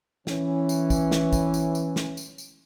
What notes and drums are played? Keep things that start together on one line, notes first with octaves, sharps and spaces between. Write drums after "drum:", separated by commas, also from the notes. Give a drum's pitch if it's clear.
E3 C#4, drum: snare
drum: tambourine
drum: kick, tambourine
drum: snare
drum: kick, tambourine
drum: tambourine
drum: tambourine
drum: snare
drum: tambourine
drum: tambourine